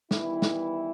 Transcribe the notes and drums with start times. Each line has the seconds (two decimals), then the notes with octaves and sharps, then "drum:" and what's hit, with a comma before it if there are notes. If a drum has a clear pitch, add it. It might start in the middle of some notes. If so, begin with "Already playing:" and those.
0.11 D#3 E3 G3 B3 E4, drum: snare
0.42 drum: snare